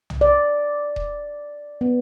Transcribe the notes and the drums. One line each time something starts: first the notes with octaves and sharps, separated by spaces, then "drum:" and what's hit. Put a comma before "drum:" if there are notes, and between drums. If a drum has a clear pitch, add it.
drum: tom B1
D5
drum: kick D#1
B3